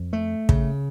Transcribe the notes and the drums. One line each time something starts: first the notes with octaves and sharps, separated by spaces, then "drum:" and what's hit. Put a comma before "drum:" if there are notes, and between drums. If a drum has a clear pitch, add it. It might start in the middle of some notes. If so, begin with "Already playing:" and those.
Already playing: F2
A3
C#3, drum: kick